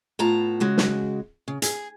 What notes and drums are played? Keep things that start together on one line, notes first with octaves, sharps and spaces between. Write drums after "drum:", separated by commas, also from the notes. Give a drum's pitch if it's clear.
A2 B3 F4 A5 A#5
C#3 G#3 F#4
drum: snare
C#3
G#4, drum: hi-hat